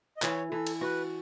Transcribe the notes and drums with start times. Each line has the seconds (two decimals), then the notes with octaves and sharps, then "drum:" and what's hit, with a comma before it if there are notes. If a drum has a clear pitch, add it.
0.17 D#5
0.22 E3 C#5, drum: clap
0.51 E3 A4
0.67 drum: cymbal
0.81 F#4 B4